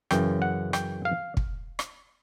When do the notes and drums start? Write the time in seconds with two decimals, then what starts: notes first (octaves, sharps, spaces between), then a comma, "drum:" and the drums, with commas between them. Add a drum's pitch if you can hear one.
0.11 F#2 C#3 E3 G5, drum: rim click
0.42 F#5
0.73 G5, drum: rim click
1.05 F5
1.37 drum: kick
1.79 drum: rim click